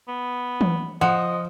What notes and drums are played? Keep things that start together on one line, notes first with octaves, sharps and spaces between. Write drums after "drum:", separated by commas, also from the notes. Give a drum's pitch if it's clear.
B3
drum: tom E3
F3 D#5 F#5